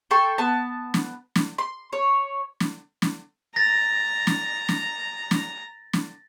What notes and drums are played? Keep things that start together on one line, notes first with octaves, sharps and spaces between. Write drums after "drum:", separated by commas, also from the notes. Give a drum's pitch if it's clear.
A4 G5 C6 C#6
B3 A5
drum: snare
drum: snare
C6
C#5
drum: snare
drum: snare
A#5 A6 A#6
drum: snare
drum: snare
drum: snare
drum: snare